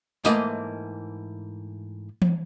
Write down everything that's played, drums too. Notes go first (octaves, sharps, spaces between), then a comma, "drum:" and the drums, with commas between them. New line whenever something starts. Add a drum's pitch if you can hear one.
G#2 E3 A3 A#3 D#5 B5, drum: tambourine
drum: tom E3